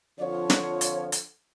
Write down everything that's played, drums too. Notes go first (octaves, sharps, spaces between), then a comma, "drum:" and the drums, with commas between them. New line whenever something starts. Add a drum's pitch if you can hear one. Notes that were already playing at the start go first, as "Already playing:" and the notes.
F2 D3 F3 C#5 D5
drum: snare
drum: hi-hat
drum: hi-hat